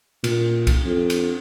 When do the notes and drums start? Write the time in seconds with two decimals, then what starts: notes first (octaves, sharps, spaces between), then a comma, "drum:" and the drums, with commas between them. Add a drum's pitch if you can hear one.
0.24 A#2, drum: cymbal
0.67 drum: kick C2, cymbal
0.85 F2
1.10 drum: cymbal